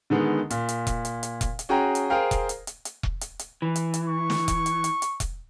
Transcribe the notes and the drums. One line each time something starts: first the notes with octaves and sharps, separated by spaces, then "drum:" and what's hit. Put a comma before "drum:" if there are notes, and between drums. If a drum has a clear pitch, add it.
D3 D#3 G#3 B3
A#2, drum: hi-hat
drum: hi-hat
drum: kick E1, hi-hat
drum: hi-hat
drum: hi-hat
drum: kick E1, hi-hat
drum: hi-hat
C#4 F#4 G#4 G5 A#5
drum: hi-hat
G#4 A#4 C5 F5 G5
drum: kick E1, hi-hat
drum: hi-hat
drum: hi-hat
drum: hi-hat
drum: kick E1
drum: hi-hat
drum: hi-hat
E3
drum: hi-hat
drum: hi-hat
C#6
drum: snare
drum: kick E1, hi-hat
drum: hi-hat
drum: hi-hat
drum: hi-hat
drum: kick E1, hi-hat